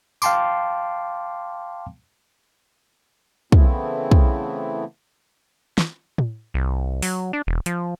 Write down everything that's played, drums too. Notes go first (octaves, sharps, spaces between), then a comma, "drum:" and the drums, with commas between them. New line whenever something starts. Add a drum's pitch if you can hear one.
F5 G5 A5 C6 D6, drum: tambourine
C#3 E3 A3 B3 C4 E4, drum: kick
drum: kick
drum: snare
drum: tom
C2
F#3, drum: open hi-hat
D4
E1
F3, drum: hi-hat